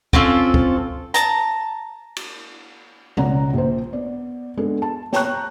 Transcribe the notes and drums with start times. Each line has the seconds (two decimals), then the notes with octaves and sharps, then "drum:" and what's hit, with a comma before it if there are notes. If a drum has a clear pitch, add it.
0.13 C4 C#4 F4 A4, drum: kick
0.54 drum: kick
1.14 A5 A#5, drum: hi-hat
2.17 drum: cymbal
3.17 C#2 C#3 D5 F#5 A#5, drum: tom
3.54 A#1 C5
3.93 B3 D5
4.58 G#3 B3 D4 G#4 A4
4.82 A5
5.13 C#5 G5 A5 A#5 C#6 F#6, drum: snare